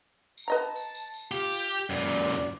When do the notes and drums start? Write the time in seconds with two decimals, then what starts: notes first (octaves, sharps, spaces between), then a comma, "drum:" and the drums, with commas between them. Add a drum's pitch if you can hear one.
0.37 drum: tambourine
0.48 B4 D#5 A5 A#5
0.76 drum: tambourine
0.95 drum: tambourine
1.14 drum: tambourine
1.31 F4 G4, drum: tambourine
1.52 drum: tambourine
1.71 drum: tambourine
1.90 F#2 A#2 D5, drum: tambourine
2.09 drum: tambourine
2.28 drum: snare